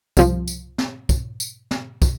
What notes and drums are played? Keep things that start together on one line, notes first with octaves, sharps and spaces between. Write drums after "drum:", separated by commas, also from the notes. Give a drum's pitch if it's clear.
C2 F3, drum: kick, tambourine
drum: tambourine
drum: snare
drum: kick, tambourine
drum: tambourine
drum: snare
drum: kick, tambourine